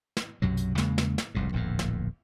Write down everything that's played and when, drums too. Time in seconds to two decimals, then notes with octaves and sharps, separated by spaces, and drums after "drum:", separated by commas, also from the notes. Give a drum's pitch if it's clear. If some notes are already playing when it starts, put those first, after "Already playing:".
0.17 drum: snare
0.42 B1 F#2 C3 F#3
0.57 drum: hi-hat
0.78 E2 C#3 G#3 A#3, drum: snare
0.98 drum: snare
1.18 drum: snare
1.35 F1 C2 G#2
1.52 D1 A#1 E2 A2
1.79 drum: snare